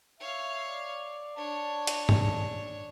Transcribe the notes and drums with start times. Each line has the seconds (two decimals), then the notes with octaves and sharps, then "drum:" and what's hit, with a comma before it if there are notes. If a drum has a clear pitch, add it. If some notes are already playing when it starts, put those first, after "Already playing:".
0.20 C#5 E5 F5
0.67 D5
1.37 D4 C#5 A5
1.87 drum: hi-hat
2.09 drum: tom G2